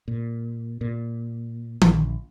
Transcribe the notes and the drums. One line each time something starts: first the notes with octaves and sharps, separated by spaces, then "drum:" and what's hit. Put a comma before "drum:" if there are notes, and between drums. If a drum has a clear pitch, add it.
A#2
A#2
A#1, drum: tom D#3